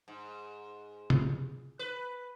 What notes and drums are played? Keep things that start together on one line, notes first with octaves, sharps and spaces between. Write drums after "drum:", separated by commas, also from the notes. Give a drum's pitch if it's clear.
G#2
drum: tom C3
B4